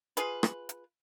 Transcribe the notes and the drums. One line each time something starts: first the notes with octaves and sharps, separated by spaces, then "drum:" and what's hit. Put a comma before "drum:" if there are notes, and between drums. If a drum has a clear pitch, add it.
F4 G#4 B4, drum: hi-hat
drum: rim click
drum: hi-hat